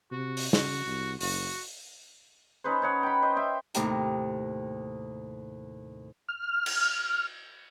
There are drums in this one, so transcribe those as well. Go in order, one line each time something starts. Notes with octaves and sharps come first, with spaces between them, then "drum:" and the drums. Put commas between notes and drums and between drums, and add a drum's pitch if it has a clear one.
C3 F#4
drum: open hi-hat
C#3 F#4, drum: snare
C2
F#1 F#4, drum: open hi-hat
C#4 D#4 B4 C5
D#4 C#5 F#5
G5 B5
C5 D#5
E5 G5 C6
D#2 A2 C3 D#4 G4 A#5, drum: hi-hat
F6
drum: cymbal